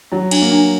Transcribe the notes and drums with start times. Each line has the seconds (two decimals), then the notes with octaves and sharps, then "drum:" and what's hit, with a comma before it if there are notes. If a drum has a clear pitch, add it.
0.12 F#3 E4
0.31 D4, drum: cymbal
0.42 A#3
0.52 D4